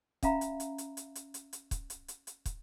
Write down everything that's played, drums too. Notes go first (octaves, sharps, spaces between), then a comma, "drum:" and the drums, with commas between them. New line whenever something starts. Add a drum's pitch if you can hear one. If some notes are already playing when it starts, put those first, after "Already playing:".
C#4 E5 F5 A#5 B5, drum: kick, hi-hat
drum: hi-hat
drum: hi-hat
drum: hi-hat
drum: hi-hat
drum: hi-hat
drum: hi-hat
drum: hi-hat
drum: kick, hi-hat
drum: hi-hat
drum: hi-hat
drum: hi-hat
drum: kick, hi-hat